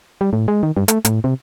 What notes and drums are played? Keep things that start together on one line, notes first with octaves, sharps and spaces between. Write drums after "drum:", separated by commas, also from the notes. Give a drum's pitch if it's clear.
G3
A2
G#3
D#3
G2
A3, drum: hi-hat
A2, drum: hi-hat
C3